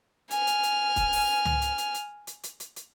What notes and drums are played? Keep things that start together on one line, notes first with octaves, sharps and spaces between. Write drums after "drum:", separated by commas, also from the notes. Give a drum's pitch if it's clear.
G#5 F6, drum: hi-hat
drum: hi-hat
drum: hi-hat
drum: kick, hi-hat
drum: open hi-hat
drum: tom
drum: hi-hat
drum: hi-hat
drum: hi-hat
drum: hi-hat
drum: hi-hat
drum: hi-hat
drum: hi-hat